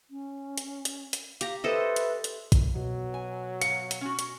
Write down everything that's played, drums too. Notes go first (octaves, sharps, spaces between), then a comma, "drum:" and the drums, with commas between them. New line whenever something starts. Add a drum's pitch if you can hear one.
C#4
drum: hi-hat
drum: hi-hat
drum: hi-hat
G4 F5 A#5, drum: hi-hat
A4 B4 C5 D#5 E5
drum: hi-hat
drum: hi-hat
drum: kick, hi-hat
B2 F#3
G#5
F5 C#7, drum: hi-hat
drum: hi-hat
C#4 F#4
drum: hi-hat